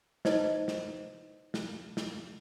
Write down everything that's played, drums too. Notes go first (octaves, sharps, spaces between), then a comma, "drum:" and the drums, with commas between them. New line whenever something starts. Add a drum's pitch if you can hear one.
D#4 E4 B4 C5 D5 D#5, drum: snare
drum: snare
drum: snare
drum: snare